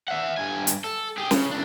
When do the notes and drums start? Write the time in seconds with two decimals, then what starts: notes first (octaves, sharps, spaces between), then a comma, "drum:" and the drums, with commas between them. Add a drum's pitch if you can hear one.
0.08 E5 F#5
0.38 G2 G#5
0.67 drum: hi-hat
0.84 A4
1.17 G4 G#4
1.31 C#3, drum: snare
1.51 E2 D4